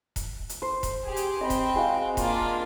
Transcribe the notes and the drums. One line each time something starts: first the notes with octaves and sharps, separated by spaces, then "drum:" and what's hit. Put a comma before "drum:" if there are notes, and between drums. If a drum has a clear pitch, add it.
drum: kick E1, hi-hat
drum: hi-hat
C5
drum: kick E1, hi-hat
G4 G#4
drum: hi-hat
C4 D#5 G5 B5
drum: kick E1, hi-hat
G#3 F#4 F5
A#3 D4 F4, drum: kick E1, hi-hat